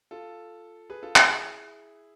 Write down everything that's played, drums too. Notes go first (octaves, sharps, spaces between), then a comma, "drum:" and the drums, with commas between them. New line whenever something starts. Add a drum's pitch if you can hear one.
F4 A4
G#4 B4
F4 A4
E4 G#4, drum: clap